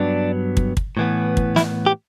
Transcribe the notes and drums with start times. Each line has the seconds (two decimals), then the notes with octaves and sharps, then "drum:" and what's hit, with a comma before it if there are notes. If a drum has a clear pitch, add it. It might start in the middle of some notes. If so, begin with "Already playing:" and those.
Already playing: G2 F#3 B3 D4
0.57 drum: kick
0.77 drum: kick
0.97 A2 E3 B3
1.37 drum: kick
1.56 E4, drum: snare
1.86 G4